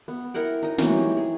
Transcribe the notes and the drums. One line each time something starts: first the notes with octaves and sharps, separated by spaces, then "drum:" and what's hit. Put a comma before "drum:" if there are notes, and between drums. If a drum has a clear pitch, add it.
B3
E4 A#4 F#5 G5
D#4 D#5
E3 F#3 D#4 C#5, drum: snare
G4
G#4